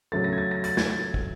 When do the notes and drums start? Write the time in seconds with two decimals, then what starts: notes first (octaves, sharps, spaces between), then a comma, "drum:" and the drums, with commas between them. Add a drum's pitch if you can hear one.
0.12 C#3 F#3 A3 A6
0.24 A#6
0.33 G#6
0.38 A6
0.51 A#6
0.64 A6, drum: hi-hat
0.77 G#6, drum: snare
0.90 A6
1.14 drum: kick